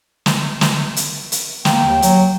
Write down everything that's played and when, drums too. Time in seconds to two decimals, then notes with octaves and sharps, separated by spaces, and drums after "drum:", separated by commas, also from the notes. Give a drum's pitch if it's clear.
0.26 drum: snare
0.61 drum: snare
0.96 drum: hi-hat
1.32 drum: hi-hat
1.65 A#3 G5, drum: snare
1.86 D#2
2.02 F#3, drum: hi-hat